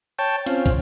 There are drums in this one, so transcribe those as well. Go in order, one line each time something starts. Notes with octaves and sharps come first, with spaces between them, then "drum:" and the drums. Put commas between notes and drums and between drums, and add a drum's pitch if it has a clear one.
C#5 G5 A5
C4 C#4 F4, drum: hi-hat
drum: kick, hi-hat